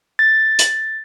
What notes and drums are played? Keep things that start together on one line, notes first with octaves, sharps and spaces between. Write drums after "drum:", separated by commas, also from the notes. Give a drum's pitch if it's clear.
A6
drum: hi-hat